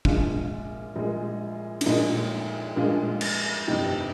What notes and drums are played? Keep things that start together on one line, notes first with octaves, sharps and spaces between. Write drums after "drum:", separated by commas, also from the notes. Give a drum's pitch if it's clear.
A#1 A#2 G#3 D4 F4, drum: kick
A#1 A#2 G#3
D4, drum: cymbal
A#1 A#2 G#3 D#4
A#1 A#2 G#3 D4 F4
drum: cymbal
G1 F2 C3 G3 D#4 G4